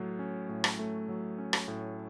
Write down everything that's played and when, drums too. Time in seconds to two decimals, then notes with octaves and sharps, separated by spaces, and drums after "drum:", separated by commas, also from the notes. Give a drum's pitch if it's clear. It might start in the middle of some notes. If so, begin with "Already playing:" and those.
Already playing: A2 F#3 A3
0.19 C#4
0.49 A2
0.64 drum: rim click
0.79 A3
1.09 F#3
1.38 C#4
1.53 drum: rim click
1.68 A2